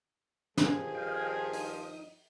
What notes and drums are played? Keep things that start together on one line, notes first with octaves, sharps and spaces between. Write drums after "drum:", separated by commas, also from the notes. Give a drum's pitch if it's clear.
G2 D#3 F3 G#4, drum: snare
D#5 F5 G5
D#4 D#6, drum: open hi-hat